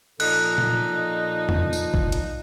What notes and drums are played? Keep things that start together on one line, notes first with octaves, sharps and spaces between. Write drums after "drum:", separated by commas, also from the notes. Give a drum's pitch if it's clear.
A#2 F3 D#4 A4 F#6, drum: cymbal
drum: tom A#2
drum: tom E2
drum: tambourine
drum: kick
drum: hi-hat